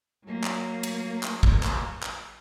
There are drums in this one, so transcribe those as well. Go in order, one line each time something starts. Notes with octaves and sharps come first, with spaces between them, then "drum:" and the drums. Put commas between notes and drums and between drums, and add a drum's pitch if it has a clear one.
F#3 A#3
drum: clap
drum: cymbal
drum: clap
drum: kick
drum: clap
drum: clap